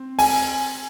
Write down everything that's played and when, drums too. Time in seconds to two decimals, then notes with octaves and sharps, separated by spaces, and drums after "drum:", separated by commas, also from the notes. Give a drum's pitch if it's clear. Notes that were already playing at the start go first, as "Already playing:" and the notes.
Already playing: C4
0.19 G#5, drum: open hi-hat